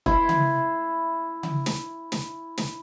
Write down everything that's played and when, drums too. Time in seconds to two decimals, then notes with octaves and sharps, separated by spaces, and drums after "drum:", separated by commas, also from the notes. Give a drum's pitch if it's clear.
0.06 E4 B5 C6, drum: kick
0.29 drum: tom C#3
1.43 drum: tom C#3
1.66 drum: snare
2.12 drum: snare
2.58 drum: snare